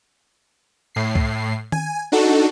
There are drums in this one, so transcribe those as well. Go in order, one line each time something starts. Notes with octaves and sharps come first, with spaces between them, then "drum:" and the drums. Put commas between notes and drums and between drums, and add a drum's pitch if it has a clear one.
A2 C7
drum: kick C#2
G#5, drum: tom D#3
D4 D#4 F#4 A4